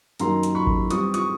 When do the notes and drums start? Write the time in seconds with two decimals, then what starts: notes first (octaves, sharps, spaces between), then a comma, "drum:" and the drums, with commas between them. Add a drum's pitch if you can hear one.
0.19 F#2 D#3 F#3 A#3 D#4 A#5 C6, drum: hi-hat
0.43 drum: hi-hat
0.55 B5 C#6
0.67 drum: kick G#1
0.91 E3 G3 C4 C#6 D#6, drum: hi-hat
1.14 C#6 D#6, drum: hi-hat